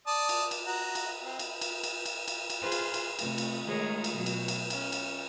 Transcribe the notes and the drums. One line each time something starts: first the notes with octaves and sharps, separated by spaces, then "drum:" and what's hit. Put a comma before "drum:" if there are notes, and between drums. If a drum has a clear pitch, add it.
D5 A5 D#6
drum: cymbal
drum: cymbal
F#4 A#5
drum: cymbal
C4
drum: cymbal
drum: cymbal
drum: cymbal
drum: cymbal
drum: cymbal
drum: cymbal
F4 G#4 B4 C5 F6
drum: cymbal
drum: cymbal
C3 A3, drum: cymbal
drum: cymbal
D#3 G#3 A3 G#4 A#4 C#5
drum: cymbal
B2 F#3
drum: cymbal
drum: cymbal
C#4 F6, drum: cymbal
drum: cymbal